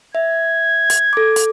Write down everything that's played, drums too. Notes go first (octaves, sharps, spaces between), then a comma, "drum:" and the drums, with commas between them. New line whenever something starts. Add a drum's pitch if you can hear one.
E5 G#6
drum: hi-hat
A4 D6
drum: hi-hat